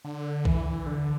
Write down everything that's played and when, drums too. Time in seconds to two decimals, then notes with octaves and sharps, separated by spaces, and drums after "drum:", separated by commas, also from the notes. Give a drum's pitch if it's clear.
0.05 D3
0.45 E3, drum: kick B1
0.87 D3